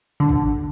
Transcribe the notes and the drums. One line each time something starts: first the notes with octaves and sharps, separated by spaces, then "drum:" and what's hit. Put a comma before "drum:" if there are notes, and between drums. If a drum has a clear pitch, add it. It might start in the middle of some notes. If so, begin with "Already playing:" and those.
D3
drum: kick G#1